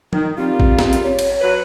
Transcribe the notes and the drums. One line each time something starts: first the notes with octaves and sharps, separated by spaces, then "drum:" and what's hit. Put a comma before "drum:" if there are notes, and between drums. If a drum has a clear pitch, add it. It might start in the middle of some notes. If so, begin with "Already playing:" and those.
D#3, drum: tom F3
G3 A#3 C4 F4
drum: kick A1
drum: snare
drum: hi-hat
C#5
drum: cymbal
F#3 B4